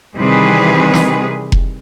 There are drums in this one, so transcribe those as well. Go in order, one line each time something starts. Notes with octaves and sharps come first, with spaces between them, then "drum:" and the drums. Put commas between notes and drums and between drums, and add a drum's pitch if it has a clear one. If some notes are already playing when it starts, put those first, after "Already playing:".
C3 D#3 E3 G3 G#4 B4
drum: snare
drum: kick F1